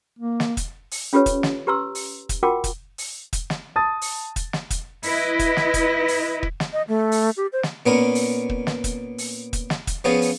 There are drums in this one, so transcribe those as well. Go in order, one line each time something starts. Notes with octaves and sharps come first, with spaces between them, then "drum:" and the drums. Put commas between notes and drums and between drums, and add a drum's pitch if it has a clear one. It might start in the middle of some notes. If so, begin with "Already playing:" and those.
A#3
drum: snare
drum: kick, hi-hat
drum: open hi-hat
C#4 F4 G4 A4 B4 C#5
drum: kick, hi-hat
drum: snare
G4 B4 A#5 C6 E6
drum: open hi-hat
drum: kick, hi-hat
F4 F#4 A#4 F#5 G5 D6
drum: kick, hi-hat
drum: open hi-hat
drum: kick, hi-hat
drum: snare
A5 D#6 A6
drum: open hi-hat
drum: kick, hi-hat
drum: snare
drum: kick, hi-hat
E4 B4 D#5, drum: open hi-hat
drum: kick, hi-hat
drum: snare
drum: kick, hi-hat
drum: open hi-hat
drum: kick
drum: snare
D#5
A3
drum: open hi-hat
G4
C5
drum: snare
A#2 B3 C#4 A#4 B5
drum: open hi-hat
drum: kick
drum: snare
drum: kick, hi-hat
drum: open hi-hat
drum: kick, hi-hat
drum: snare
drum: kick, hi-hat
F3 B3 C#4 F4 G#4
drum: open hi-hat